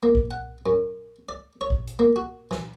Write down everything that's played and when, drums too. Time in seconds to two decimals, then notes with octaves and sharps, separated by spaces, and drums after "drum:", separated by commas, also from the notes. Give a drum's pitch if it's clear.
0.03 A#3
0.15 drum: kick A1
0.31 F#5
0.66 F#2
1.29 D5
1.61 C#5
1.70 drum: kick A1
1.88 drum: hi-hat
1.99 A#3
2.16 F#4
2.51 E3, drum: snare